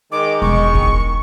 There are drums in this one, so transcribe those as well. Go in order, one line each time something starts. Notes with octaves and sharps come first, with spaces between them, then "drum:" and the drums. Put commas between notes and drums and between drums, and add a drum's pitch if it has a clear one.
D#3 G#3 D6
E1 C#6
drum: kick F#1